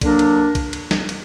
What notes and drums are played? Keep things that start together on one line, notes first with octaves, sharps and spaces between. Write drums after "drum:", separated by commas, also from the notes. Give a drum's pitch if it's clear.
D3 F#3 A#3 D4 A#4, drum: kick, cymbal
drum: cymbal
drum: kick, cymbal
drum: cymbal
drum: snare
drum: cymbal